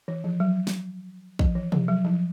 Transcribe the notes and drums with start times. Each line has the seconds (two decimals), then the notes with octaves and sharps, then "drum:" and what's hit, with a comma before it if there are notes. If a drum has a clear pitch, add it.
0.08 E3
0.24 F3
0.40 F#3
0.67 drum: snare
1.39 F3, drum: kick
1.55 E3
1.72 F3, drum: tom C3
1.88 F#3
2.05 F3